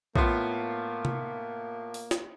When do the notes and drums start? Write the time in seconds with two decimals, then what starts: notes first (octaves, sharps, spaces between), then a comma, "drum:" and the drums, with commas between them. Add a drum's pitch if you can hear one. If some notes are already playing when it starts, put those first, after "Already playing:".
0.16 A2 A#3 B3 F4, drum: kick
1.05 drum: tom C3
1.94 drum: open hi-hat
2.11 drum: snare